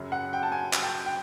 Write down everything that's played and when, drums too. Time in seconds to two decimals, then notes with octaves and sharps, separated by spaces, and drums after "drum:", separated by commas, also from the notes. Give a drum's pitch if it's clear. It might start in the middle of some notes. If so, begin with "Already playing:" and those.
Already playing: F#2 C#3 F#3
0.12 F#5
0.33 G5
0.43 A5
0.52 G#5
0.73 drum: clap
0.83 G5
1.06 G5